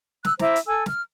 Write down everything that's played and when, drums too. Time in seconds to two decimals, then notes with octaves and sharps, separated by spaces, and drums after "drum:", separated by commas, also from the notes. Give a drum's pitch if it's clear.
0.25 E6 F#6, drum: snare
0.39 E4 C5 A#5 D6, drum: snare
0.56 drum: hi-hat
0.67 A4 G#5 E6
0.86 F6, drum: snare